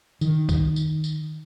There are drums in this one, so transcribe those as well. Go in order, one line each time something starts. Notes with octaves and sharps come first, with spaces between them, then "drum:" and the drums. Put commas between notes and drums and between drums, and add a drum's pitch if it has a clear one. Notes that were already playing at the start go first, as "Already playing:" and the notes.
D#3, drum: tambourine
drum: kick B1, tambourine
drum: tambourine
drum: tambourine